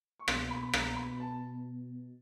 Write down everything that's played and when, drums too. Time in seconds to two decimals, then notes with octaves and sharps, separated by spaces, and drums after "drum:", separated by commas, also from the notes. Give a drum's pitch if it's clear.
0.19 C#6
0.28 B2 C6, drum: rim click
0.51 B5
0.63 B5
0.73 A#5, drum: rim click
0.97 B5
1.20 A5